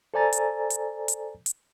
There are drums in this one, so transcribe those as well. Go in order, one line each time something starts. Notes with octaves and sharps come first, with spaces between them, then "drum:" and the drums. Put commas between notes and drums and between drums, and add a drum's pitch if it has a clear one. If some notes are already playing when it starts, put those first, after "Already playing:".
A4 C5 D5 G#5 A#5 A6
drum: hi-hat
drum: hi-hat
drum: hi-hat
drum: hi-hat